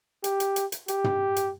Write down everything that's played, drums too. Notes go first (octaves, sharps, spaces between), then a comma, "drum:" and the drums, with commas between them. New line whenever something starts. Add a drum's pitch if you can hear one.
G4, drum: hi-hat
drum: hi-hat
drum: hi-hat
drum: hi-hat
G4, drum: hi-hat
drum: tom
drum: hi-hat